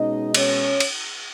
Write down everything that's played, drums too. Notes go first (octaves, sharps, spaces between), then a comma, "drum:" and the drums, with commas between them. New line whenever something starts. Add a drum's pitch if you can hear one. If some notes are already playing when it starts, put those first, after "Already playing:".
Already playing: B2 G#3 C#4 D#4 D#5
C#4 C#5, drum: cymbal
drum: cymbal